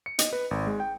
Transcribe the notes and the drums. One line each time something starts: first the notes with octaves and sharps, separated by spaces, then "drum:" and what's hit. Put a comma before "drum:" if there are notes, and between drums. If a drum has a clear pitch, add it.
C#7
D#5, drum: hi-hat
B4
G#1
G#3
G5